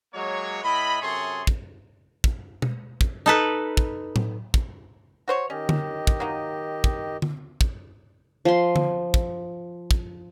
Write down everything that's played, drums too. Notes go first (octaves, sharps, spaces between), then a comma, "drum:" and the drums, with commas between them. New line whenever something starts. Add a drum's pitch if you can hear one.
F#3 G#3 A#3 C#5
A2 E4 D#5 B5
F#2 C3 G#4 A4 C#5 C6
drum: kick
drum: kick
drum: tom B2
drum: kick
D#4 A4 B4
drum: kick
drum: tom A2
drum: kick
F#4 C5 C#5
D#3 C#4 G4 D#5
drum: tom D3
drum: kick
F#3 A#3 D#4
drum: kick
drum: tom D3
drum: kick
F3 C6
drum: tom D3
drum: kick
drum: kick